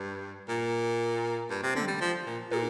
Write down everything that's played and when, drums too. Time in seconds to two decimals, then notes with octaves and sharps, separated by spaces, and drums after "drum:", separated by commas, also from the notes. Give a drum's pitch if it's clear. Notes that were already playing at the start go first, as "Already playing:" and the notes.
Already playing: G2
0.48 A#2
1.50 G2
1.63 C3
1.75 D3, drum: tom
1.88 G3
2.01 F3
2.26 A#2
2.51 A#2, drum: tom